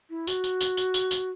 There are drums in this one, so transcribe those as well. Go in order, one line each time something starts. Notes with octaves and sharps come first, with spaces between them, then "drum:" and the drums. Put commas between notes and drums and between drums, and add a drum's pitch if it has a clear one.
E4
F#4, drum: tambourine
drum: tambourine
drum: tambourine
drum: tambourine
drum: tambourine
drum: tambourine